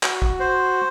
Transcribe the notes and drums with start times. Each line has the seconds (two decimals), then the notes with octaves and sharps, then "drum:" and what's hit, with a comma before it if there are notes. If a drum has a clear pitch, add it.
0.03 F#4, drum: clap
0.22 drum: kick
0.40 C5